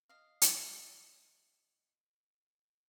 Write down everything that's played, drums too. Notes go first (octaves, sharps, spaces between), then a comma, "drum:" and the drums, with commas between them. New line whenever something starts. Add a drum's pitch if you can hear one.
D#5 F5
drum: hi-hat